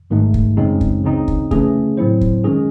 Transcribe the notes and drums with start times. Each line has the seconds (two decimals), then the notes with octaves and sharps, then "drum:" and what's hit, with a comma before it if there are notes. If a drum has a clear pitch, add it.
0.10 G#1 G#2 D#3 A3
0.34 drum: kick
0.57 F#2 C#3 G#3 C4 D#4
0.81 drum: kick
1.04 C#2 C#3 E3 C4 D#4
1.28 drum: kick
1.51 C#3 E3 A3 C#4 G#4, drum: kick
1.97 A2 F#3 C4 E4 C5
2.21 drum: kick
2.44 D#3 G#3 C#4 G#4